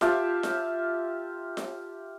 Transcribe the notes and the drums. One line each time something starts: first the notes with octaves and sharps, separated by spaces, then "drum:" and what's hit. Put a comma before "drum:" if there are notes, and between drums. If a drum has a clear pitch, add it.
F4 G4 E5 A5, drum: snare F4
drum: snare F4
drum: snare F4